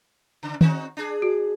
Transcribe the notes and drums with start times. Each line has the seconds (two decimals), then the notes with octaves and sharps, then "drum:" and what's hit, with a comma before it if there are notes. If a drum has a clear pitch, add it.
0.43 C#3
0.61 C4 D#4 F#4, drum: tom D#3
0.97 D4 G#4
1.22 F#4